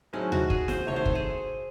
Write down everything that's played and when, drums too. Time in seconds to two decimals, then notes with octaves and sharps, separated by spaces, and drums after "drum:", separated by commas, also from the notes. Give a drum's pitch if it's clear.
0.13 A2 F#3 C4 C#4 D#4 G#4
0.32 F#4, drum: tom D2
0.50 G#4, drum: kick
0.68 C5, drum: snare
0.87 C2 C3 D#3 A3 C4 C#5
0.96 C5
1.05 A4, drum: kick
1.15 G#4